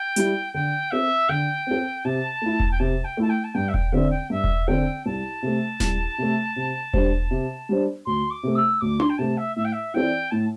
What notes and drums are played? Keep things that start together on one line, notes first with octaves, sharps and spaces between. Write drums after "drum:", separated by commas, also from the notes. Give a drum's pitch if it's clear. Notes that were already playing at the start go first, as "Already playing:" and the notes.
Already playing: G5
G3 E4, drum: hi-hat
D3 G5
C4 A4 E5
D3 G5
C4 A4
C3 A5
A3 E4
drum: kick E1
G5
C3 A5
G5
A3 E4 A5
G5
A5
G2 G5
E5
G5, drum: kick E1
D3 C4 A4 D5 E5
G5
G2 E5
drum: kick E1
D3 C4 A4 D5 G5
C2 A5
C3 A3
C2, drum: snare D#1
C3 A3
C3
G3 D4 C5, drum: kick E1
C3
G3 D4 C5
D2 C6
D6
C3 A3
E6
D2 D6
C6, drum: tom D4
G5
C3 A3 A5
E5
A2 E5
G5
E5
E3 C4 A4 D5 G5
A2 A5